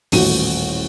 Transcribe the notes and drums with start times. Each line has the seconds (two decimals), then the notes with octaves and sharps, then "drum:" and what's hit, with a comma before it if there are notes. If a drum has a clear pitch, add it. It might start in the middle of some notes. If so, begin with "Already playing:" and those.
0.12 D#1 A1 F#4 D#7, drum: open hi-hat